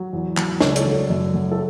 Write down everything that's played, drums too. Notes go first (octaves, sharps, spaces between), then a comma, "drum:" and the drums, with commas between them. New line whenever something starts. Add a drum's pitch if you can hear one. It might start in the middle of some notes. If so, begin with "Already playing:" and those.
Already playing: F#3
E2
F#3, drum: clap
C#2 C#5, drum: snare
D5
A4 C#5, drum: hi-hat
F#3
F#2
F#3
A4